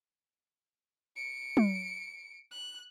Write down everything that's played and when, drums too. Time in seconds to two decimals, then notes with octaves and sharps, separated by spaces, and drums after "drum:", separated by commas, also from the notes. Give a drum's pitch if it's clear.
1.16 C#7 D7
1.57 drum: tom
2.51 F#6